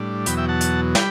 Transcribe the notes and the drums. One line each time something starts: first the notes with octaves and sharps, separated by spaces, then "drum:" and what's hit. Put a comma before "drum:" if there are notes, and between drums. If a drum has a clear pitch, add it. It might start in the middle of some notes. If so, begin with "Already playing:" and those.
Already playing: A2 G3 D4
E2 B2 F#3 G5 B5, drum: hi-hat
E5 G5
F#5 A5
drum: hi-hat
G3 G5 B5, drum: snare